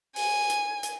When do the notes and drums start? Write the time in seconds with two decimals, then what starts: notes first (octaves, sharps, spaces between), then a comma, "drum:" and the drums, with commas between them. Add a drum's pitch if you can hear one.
0.16 G#5, drum: open hi-hat
0.50 drum: hi-hat
0.83 drum: hi-hat